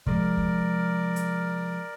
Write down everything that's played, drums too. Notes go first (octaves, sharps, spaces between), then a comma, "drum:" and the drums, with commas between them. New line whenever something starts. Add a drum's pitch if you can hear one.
C3 F3 G#3 A#4 D5, drum: kick
drum: kick
drum: hi-hat